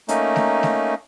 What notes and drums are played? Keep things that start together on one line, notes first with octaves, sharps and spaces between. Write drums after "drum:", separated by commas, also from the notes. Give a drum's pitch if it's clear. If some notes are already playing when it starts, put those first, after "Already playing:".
A3 A#3 C#4 D#4, drum: hi-hat
drum: snare A3
drum: snare A3